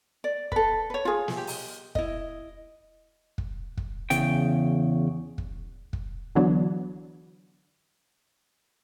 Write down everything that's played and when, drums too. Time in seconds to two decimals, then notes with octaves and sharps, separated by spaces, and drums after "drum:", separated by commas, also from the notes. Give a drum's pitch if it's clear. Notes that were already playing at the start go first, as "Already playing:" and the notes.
0.24 D5
0.52 A4 B4, drum: kick
0.90 B4 C#5
1.05 F4 G#4
1.28 drum: snare
1.37 G4
1.47 drum: open hi-hat
1.95 E4 D#5, drum: kick
3.38 drum: kick
3.77 drum: kick
4.10 E2 C#3 G5, drum: hi-hat
5.38 drum: kick
5.93 drum: kick
6.35 D3 E3 F#3 B3 D4